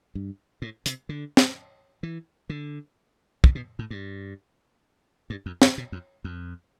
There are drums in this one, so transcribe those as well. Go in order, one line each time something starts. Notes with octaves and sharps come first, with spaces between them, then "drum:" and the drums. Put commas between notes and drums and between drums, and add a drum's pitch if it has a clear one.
G2
A2
C3, drum: hi-hat
D3
drum: snare
E3
D3
C3, drum: kick
B2
A2
G2
G2
F2
G2, drum: snare
B2
F2
F2